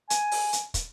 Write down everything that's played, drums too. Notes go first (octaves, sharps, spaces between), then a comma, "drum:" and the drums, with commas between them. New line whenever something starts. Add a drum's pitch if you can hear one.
G#5, drum: hi-hat
drum: open hi-hat
drum: hi-hat
drum: kick, hi-hat